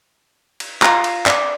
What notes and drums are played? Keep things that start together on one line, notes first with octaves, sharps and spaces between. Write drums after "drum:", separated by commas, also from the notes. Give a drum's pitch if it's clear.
drum: cymbal
F4 A#5, drum: clap
drum: cymbal
D5, drum: clap